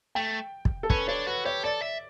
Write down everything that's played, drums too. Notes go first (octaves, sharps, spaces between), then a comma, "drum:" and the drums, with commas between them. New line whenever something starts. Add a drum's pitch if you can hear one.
A3 G5
drum: kick
A4
C#4 B4, drum: kick
D4 C#5
F#4 B4
G4 C#5
A4 D5
E5